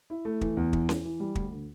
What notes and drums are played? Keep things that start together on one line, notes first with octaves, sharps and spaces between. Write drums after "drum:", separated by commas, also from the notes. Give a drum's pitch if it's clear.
E4
A3
E3, drum: kick
E2
E3, drum: kick
E3, drum: snare C#4
E3
G3
D2, drum: kick
D3